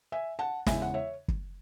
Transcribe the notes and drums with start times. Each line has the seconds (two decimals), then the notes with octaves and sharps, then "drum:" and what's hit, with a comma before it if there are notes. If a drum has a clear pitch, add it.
0.12 E5 G#5
0.39 F#5 A5
0.66 E2 C#3 E3 G#3 E5 G#5, drum: snare
0.82 F#5
0.94 C#5 E5
1.28 drum: kick